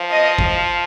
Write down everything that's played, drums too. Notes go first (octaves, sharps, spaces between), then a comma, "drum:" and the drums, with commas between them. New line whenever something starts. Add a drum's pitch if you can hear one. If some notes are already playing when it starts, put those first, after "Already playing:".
Already playing: F3
D#5
drum: kick